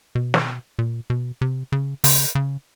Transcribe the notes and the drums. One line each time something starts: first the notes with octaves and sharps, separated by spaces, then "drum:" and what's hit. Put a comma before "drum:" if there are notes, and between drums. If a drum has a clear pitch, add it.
B2
drum: snare
A#2
B2
C3
C#3
C#3, drum: open hi-hat
C#3